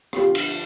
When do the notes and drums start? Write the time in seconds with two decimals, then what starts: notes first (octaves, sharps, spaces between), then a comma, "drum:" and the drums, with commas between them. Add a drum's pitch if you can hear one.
0.13 G2 D3 F3 F4 G4, drum: rim click
0.35 drum: cymbal